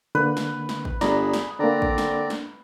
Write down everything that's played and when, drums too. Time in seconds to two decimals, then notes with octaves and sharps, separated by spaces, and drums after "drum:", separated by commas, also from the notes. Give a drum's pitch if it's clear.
0.15 D3 A#3 B4
0.37 drum: snare
0.69 drum: snare
0.85 drum: kick
1.01 G1 G#4 D5 A#5 B5, drum: snare
1.33 drum: snare
1.59 D3 A#3 C4 D4 D5 A#5
1.82 drum: kick
1.98 drum: snare
2.30 drum: snare